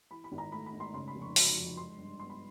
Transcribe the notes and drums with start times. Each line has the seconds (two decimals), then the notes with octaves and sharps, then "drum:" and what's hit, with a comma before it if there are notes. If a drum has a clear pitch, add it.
0.11 E3 B5
0.24 B5
0.32 G#1
0.38 A#5
0.52 A3 B5
0.66 B5
0.73 G#2
0.80 C6
0.94 C#3 C6
1.08 B5
1.15 F1
1.22 C#6
1.36 F#3, drum: open hi-hat
1.57 F2
1.77 G#3 C6
1.98 G2
2.19 B3 C6
2.30 B5